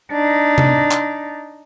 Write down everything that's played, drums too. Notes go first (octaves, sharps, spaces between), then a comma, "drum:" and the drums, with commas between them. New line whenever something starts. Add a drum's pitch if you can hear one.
D4 D#4
drum: tom C3
drum: clap